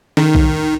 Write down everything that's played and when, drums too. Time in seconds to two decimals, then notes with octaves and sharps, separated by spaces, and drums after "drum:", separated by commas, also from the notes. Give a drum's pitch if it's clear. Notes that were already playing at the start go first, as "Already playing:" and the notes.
0.17 D#3, drum: snare
0.35 drum: kick